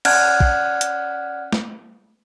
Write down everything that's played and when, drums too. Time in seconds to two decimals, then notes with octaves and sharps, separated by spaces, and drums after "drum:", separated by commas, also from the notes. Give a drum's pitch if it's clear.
0.05 C#4 D5 F#5 F6 F#6 G#6, drum: cymbal
0.40 drum: kick
0.81 drum: hi-hat
1.52 drum: snare